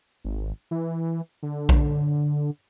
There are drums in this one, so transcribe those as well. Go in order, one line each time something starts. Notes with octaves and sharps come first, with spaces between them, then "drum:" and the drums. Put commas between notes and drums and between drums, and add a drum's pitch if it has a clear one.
G#1
E3
D3
drum: kick A#1